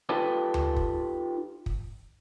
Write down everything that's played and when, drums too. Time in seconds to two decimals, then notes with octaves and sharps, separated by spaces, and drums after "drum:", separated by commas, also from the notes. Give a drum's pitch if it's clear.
0.09 D#4 F4 G4 A4 B4 D5
0.54 drum: tom D2
0.76 drum: kick
1.66 drum: kick